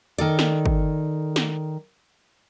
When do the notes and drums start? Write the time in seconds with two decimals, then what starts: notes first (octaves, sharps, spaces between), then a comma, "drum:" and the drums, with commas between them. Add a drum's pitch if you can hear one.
0.18 D#3 A4 D5, drum: hi-hat
0.39 drum: snare
0.66 drum: kick G1
1.36 drum: snare